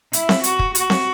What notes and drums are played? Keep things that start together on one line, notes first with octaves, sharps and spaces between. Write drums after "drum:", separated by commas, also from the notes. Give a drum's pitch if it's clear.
E4, drum: hi-hat
drum: snare C4
F#4, drum: hi-hat
drum: kick
F#4, drum: hi-hat
drum: snare C4